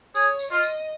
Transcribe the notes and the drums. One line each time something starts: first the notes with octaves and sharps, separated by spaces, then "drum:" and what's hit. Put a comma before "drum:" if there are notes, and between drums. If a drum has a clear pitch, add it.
G#4 C#5, drum: tambourine
drum: tambourine
F4 D#5
drum: tambourine